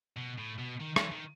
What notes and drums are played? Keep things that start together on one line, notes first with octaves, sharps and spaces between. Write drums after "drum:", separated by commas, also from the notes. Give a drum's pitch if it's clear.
B2
A2
B2
D#3
E3, drum: rim click
D#3